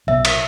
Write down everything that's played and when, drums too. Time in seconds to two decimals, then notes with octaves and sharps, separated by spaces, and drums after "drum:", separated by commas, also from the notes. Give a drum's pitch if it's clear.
0.07 B1 B2 B3 E5
0.25 drum: cymbal